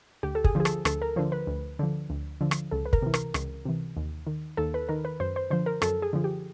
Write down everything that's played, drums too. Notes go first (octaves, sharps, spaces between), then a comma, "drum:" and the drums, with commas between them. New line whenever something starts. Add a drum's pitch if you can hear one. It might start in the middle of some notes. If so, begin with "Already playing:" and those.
D2 G4
A4
G#4, drum: kick
D3 F3 G#4
A4, drum: rim click
D2 A4, drum: rim click
A#4
D3 F3 C5
B4
D2
D3 F3
D2
D3 F3
drum: rim click
C#2 A4
B4
A#4, drum: kick
C3 E3
A#4, drum: rim click
C#2, drum: rim click
C3 E3
D#2
D#3
D#2 A4
B4
D#3 A#4
B4
F#2 C5
C5
D3 F3 C5
A#4
F#2 A4, drum: rim click
G#4
D3 F3
G4